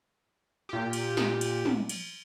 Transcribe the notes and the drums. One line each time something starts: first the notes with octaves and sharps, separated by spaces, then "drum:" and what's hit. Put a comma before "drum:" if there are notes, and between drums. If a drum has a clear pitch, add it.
A#2 G4
drum: cymbal
drum: snare
drum: cymbal
drum: tom
drum: cymbal